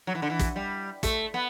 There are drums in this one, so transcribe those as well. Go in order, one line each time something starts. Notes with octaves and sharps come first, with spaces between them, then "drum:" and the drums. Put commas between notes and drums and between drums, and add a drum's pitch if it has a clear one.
F#3
E3
D3
E3
drum: kick, hi-hat
G3
A3, drum: kick, hi-hat
B3